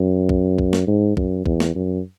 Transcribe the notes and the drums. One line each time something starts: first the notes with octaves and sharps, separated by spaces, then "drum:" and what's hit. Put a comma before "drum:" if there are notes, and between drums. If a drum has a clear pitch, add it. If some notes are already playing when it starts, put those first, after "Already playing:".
Already playing: F#2
drum: kick
drum: kick
drum: snare
G#2
F#2, drum: kick
E2, drum: kick
drum: snare
F#2